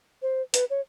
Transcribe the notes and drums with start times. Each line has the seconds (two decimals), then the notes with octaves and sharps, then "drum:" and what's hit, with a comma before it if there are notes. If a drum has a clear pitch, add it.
0.22 C5
0.54 B4, drum: hi-hat
0.70 C#5